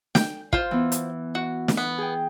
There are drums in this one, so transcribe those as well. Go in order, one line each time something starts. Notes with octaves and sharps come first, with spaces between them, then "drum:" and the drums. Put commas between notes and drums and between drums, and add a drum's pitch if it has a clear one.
G5, drum: snare
F4 C5, drum: kick
E3 B3
drum: hi-hat
F#4
drum: snare
B3
G#4 G5